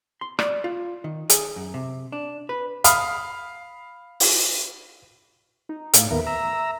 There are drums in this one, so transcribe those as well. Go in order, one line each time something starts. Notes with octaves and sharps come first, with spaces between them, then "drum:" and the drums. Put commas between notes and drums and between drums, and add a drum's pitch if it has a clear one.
C6
D5, drum: rim click
F4
D#3
G#4, drum: hi-hat
F#2
C3
D4
B4
F5 B5 D#6 F6, drum: hi-hat
drum: open hi-hat
D#4
A2 F5, drum: hi-hat
D#2 B3 A#4 E5
A#5 E6